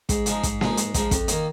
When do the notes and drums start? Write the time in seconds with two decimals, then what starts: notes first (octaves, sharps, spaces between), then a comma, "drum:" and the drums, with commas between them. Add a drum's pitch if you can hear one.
0.09 G#2, drum: kick, hi-hat
0.26 F3 G#3 D#4, drum: hi-hat
0.43 G#2, drum: kick, hi-hat
0.61 F3 G#3 D#4, drum: snare A#3
0.77 G#2, drum: hi-hat
0.94 F3 G#3 D#4, drum: kick, hi-hat
1.11 F2, drum: kick, hi-hat
1.28 D#3 A#3 D#4, drum: hi-hat